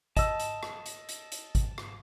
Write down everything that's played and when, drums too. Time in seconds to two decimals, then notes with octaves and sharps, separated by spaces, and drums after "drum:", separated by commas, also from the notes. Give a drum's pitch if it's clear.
0.17 D#5 A5 E6, drum: kick G#1, hi-hat
0.40 drum: hi-hat
0.63 drum: rim click
0.86 drum: hi-hat
1.09 drum: hi-hat
1.32 drum: hi-hat
1.55 drum: kick G#1, hi-hat
1.78 drum: rim click